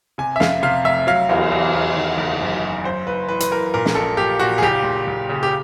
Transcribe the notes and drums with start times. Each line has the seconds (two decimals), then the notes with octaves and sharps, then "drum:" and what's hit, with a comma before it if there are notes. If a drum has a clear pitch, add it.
0.18 C3 G#5
0.36 E5
0.40 F2 F5, drum: snare
0.63 C3 F5
0.84 F1 E5
1.07 F#3 F5
1.29 E2, drum: cymbal
1.52 E2
1.74 E2
1.96 D#3
2.18 F#1
2.41 F#2
2.63 F#2
2.84 F#2 C5
3.07 F#1 B4
3.29 E3 B4
3.40 B4, drum: hi-hat
3.51 E3 A#4
3.74 A#2 A#4
3.85 drum: snare
3.95 A#1 A4
4.17 A#2 G4
4.39 A#2 F#4
4.58 G#4
4.62 F#1 G4
4.84 F#1
5.07 F#1
5.29 C#3
5.43 G4